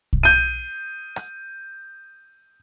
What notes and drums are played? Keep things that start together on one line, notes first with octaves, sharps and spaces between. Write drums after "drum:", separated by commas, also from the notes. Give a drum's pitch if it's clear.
drum: kick
G6 D#7
drum: rim click